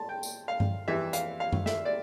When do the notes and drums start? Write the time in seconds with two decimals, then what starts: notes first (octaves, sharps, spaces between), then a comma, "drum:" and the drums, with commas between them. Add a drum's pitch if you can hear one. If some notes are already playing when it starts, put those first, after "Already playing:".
Already playing: A5
0.09 G5
0.23 drum: tambourine
0.48 F5
0.60 drum: tom G2
0.88 F2 E3 G3 E5
1.13 F5, drum: hi-hat
1.40 F5
1.53 drum: tom F#2
1.66 E5, drum: snare
1.85 D5